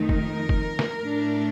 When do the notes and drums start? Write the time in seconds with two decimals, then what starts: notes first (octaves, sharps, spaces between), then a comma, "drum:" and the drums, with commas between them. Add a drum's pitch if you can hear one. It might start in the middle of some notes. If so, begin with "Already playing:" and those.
Already playing: F2 D#3 A3 D#4
0.09 A#4, drum: kick
0.49 drum: kick
0.79 drum: snare
1.00 A2 A3 D4